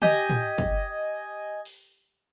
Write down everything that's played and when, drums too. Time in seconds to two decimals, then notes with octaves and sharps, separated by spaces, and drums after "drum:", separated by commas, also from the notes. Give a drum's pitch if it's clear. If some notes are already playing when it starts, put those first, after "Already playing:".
0.02 G4 D#5 G#5, drum: tom
0.30 drum: tom
0.58 drum: kick
1.65 drum: open hi-hat